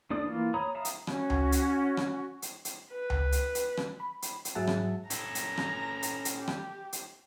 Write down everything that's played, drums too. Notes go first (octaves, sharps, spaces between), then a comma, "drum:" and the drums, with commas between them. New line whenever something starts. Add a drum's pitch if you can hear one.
A3 D4 D5 D#6
E3 A#3 F4
C#5 A#5 B5 D#6
E5 F5 A5 A#5 D#6
drum: hi-hat
C#4 F#4, drum: rim click
drum: tom C#2
drum: hi-hat
drum: rim click
drum: hi-hat
drum: hi-hat
B4
drum: tom C#2
drum: hi-hat
drum: hi-hat
drum: rim click
B5
drum: hi-hat
drum: hi-hat
G#2 F#3 G#4 E5 F#5 A5
drum: rim click
C#4 A4 A#5, drum: hi-hat
drum: hi-hat
drum: rim click
drum: hi-hat
drum: hi-hat
G4
drum: rim click
drum: hi-hat